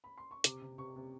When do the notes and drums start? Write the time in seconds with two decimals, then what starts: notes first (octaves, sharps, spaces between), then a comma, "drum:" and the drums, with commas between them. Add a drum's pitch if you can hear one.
0.04 B5
0.17 C6
0.31 C#6
0.44 C3 D6, drum: hi-hat
0.61 C3
0.78 C3 C#6
0.96 C3